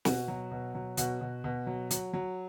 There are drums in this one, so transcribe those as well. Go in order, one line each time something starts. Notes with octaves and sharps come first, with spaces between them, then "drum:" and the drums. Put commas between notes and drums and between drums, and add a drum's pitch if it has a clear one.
B2 F#4, drum: snare
F#3
B2
F#3
B2 F#4, drum: hi-hat
B2
B2
F#3
F#3, drum: hi-hat
F#3